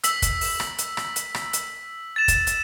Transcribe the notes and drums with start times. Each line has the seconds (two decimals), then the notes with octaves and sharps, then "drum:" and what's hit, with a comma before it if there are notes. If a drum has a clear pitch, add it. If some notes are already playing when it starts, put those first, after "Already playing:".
0.04 E6 B6 F#7, drum: hi-hat
0.22 drum: kick, hi-hat
0.41 drum: open hi-hat
0.60 drum: rim click
0.78 drum: hi-hat
0.97 drum: rim click
1.16 drum: hi-hat
1.35 drum: rim click
1.53 drum: hi-hat
2.16 A6 E7
2.28 drum: kick, hi-hat
2.47 drum: hi-hat